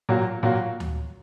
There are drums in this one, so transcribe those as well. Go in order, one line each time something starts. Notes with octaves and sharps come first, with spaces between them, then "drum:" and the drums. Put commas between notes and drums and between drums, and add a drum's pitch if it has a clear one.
A#2 F#3 A#3 F#4
A#2 F#3 A#3 F#4
drum: tom D2